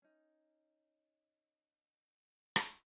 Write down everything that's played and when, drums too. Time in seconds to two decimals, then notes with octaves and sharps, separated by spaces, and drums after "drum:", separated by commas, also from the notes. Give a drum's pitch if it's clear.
0.02 C#4 D#4
2.56 drum: rim click